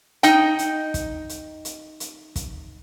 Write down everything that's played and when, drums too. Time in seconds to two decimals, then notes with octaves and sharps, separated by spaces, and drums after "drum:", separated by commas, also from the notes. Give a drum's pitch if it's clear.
0.23 D#4 D#5 G5, drum: hi-hat
0.59 drum: hi-hat
0.94 drum: kick, hi-hat
1.29 drum: hi-hat
1.65 drum: hi-hat
2.00 drum: hi-hat
2.36 drum: kick, hi-hat